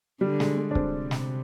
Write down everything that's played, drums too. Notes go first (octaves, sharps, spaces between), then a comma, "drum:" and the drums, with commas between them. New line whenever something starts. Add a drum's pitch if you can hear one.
D3 G3
G#3, drum: snare
G#3
D4
C4, drum: kick
C3
drum: snare